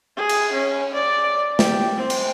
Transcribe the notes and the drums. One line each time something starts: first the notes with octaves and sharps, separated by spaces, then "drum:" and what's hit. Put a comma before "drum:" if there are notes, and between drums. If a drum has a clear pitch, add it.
G#4
drum: cymbal
C#4
D5
G4, drum: snare
C4
drum: cymbal